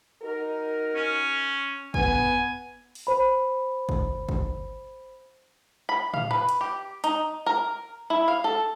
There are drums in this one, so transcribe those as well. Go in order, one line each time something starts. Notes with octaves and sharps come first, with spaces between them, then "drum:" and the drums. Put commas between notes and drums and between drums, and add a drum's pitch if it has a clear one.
D#4 F#4 A#4
C#4
B3 G#5, drum: kick
drum: tom F2
drum: open hi-hat
C5 B5
drum: kick
drum: kick
B5
F5, drum: tom A2
B4
drum: hi-hat
G4
D#4, drum: hi-hat
A#4
E4
F5
A4